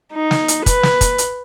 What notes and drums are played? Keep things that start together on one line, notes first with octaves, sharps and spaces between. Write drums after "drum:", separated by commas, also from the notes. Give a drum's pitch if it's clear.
D#4
drum: snare
drum: hi-hat
B4, drum: kick, hi-hat
drum: snare
drum: kick, hi-hat
drum: hi-hat